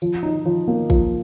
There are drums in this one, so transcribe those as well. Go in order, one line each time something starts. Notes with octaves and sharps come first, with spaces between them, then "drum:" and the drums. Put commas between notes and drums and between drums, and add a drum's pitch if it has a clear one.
F3, drum: tambourine
D#4
F3
A#3
F3, drum: kick, tambourine